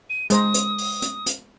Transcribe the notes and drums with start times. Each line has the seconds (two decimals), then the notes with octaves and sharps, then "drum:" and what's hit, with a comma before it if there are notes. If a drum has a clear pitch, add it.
0.10 D#7
0.30 G#3 C5 A#5 D#6, drum: hi-hat
0.54 drum: hi-hat
0.78 drum: open hi-hat
1.02 drum: hi-hat
1.26 drum: hi-hat